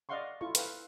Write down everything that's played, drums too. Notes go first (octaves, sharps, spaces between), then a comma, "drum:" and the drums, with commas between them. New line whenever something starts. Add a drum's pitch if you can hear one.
D5 D#5 F5 F#5 C6 C#6
E4 F4 A4 C#6
A4 B4 F5 G5, drum: hi-hat